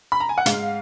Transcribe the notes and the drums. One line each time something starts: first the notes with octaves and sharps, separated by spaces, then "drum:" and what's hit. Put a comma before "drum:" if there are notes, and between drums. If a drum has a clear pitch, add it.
B5
A#5
G#5
F#5
G#2 F5, drum: hi-hat